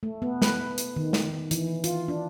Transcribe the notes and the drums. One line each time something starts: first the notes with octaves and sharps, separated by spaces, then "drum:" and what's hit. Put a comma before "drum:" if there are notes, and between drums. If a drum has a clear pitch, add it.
A3
B3
B4, drum: snare
drum: hi-hat
D#3
drum: snare
E3, drum: hi-hat
F4, drum: hi-hat
D4